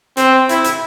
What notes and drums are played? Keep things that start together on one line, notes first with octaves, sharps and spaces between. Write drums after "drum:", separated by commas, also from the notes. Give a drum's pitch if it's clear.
C4, drum: hi-hat
E4, drum: hi-hat
drum: hi-hat